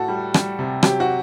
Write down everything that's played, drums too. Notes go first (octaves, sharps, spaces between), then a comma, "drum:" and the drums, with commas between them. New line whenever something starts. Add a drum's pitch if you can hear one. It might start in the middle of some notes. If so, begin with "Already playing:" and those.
Already playing: A2 F#4 A4
G3
G3, drum: rim click
C3
F#3 G4, drum: rim click
F#4